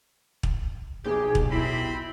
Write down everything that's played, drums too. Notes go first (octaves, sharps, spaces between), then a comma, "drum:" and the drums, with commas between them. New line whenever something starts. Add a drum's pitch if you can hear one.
drum: kick
B1 G4 G#4
drum: kick
C4 E4 B5